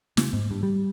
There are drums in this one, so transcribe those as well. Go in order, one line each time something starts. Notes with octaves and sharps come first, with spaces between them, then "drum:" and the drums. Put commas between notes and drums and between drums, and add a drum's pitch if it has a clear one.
C#3, drum: snare
G#2
G2
G3